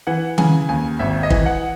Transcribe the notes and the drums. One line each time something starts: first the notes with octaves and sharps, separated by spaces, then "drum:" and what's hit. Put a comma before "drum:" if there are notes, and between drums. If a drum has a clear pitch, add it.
E3 F#5
C#3 G#5, drum: tom D#3
D#2 G#5
G#1 E5
D#5
E3, drum: kick
F#5